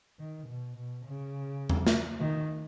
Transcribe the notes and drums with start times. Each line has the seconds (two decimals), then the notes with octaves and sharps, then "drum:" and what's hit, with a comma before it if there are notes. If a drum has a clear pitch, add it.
0.19 D#3
0.48 B2
0.76 B2
1.05 C#3
1.69 drum: tom E2
1.87 drum: snare
2.20 D#3